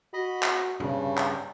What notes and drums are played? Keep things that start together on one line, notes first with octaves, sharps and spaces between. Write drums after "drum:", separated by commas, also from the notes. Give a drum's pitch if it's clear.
F#4 D#5 B5
drum: clap
G2 C#3 C#4, drum: tom
drum: clap